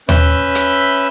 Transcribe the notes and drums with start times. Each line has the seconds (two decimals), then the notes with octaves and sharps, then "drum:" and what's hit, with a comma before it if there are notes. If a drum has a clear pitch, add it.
0.09 C#4 B4 E5 B5 E6 G6, drum: tom D#2
0.55 drum: hi-hat